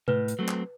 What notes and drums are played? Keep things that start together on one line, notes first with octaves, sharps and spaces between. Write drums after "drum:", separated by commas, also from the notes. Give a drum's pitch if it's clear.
A2 B4, drum: tom C3
drum: hi-hat
F#3 A3 C4
drum: clap